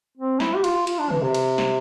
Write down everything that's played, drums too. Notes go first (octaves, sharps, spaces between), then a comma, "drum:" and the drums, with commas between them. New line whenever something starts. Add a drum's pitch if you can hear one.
C4
E4, drum: snare
G4
F4, drum: cymbal
F4, drum: cymbal
D4
E3, drum: tom C3
C3
drum: cymbal
drum: snare